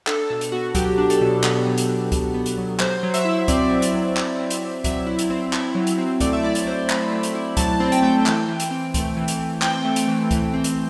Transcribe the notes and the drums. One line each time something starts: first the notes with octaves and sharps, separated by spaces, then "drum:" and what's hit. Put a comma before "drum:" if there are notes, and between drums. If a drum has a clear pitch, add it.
D4 A4, drum: clap
B2 A4
drum: hi-hat
B3 F#4
F#3 G4, drum: kick C#2, hi-hat
D4
A4, drum: hi-hat
B2
B3, drum: clap
F#3
drum: hi-hat
D4
B2, drum: kick C#2, hi-hat
B3
drum: hi-hat
F#3
F#3 C5, drum: clap
F#3
E5, drum: hi-hat
E4
C4 D5, drum: kick C#2, hi-hat
F#3
drum: hi-hat
F#3
E4, drum: clap
C4
drum: hi-hat
F#3
F#3 E5, drum: kick C#2, hi-hat
E4
drum: hi-hat
C4
E4, drum: clap
F#3
drum: hi-hat
C4
A3 D5, drum: kick C#2, hi-hat
E5
E4 D5
drum: hi-hat
F#3 C5
C4 B5, drum: clap
A3
drum: hi-hat
E4
F#3 A5, drum: kick C#2, hi-hat
C4
G5, drum: hi-hat
A3
E3, drum: clap
E3
drum: hi-hat
C4
A3, drum: kick C#2, hi-hat
E3
drum: hi-hat
E3
C4 G5, drum: clap
A3
drum: hi-hat
E3
E3, drum: kick C#2, hi-hat
C4
drum: hi-hat